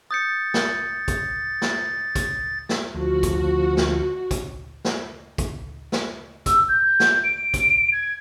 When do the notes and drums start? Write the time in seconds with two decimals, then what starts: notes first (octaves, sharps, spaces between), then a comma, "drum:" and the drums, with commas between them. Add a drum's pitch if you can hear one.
0.11 D#6 G6 A6 C#7
0.54 drum: snare
1.08 drum: kick, hi-hat
1.62 drum: snare
2.15 drum: kick, hi-hat
2.69 drum: snare
2.94 D2 F3 F#4
3.23 drum: kick, hi-hat
3.77 drum: snare
4.31 drum: kick, hi-hat
4.85 drum: snare
5.38 drum: kick, hi-hat
5.92 drum: snare
6.46 E6, drum: kick, hi-hat
6.68 G6
7.00 drum: snare
7.23 D7
7.54 drum: kick, hi-hat
7.92 G#6